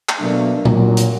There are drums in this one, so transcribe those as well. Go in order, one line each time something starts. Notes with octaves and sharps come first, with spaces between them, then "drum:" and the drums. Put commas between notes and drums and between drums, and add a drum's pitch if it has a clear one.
drum: clap
B2 F#3 A3 A#3 D4
A#2 F#3, drum: tom
drum: hi-hat